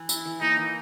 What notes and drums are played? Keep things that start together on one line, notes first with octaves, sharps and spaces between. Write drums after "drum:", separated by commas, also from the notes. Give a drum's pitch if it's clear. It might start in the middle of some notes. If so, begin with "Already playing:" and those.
Already playing: E3
E4, drum: tambourine
E3
A#3 D#4
E3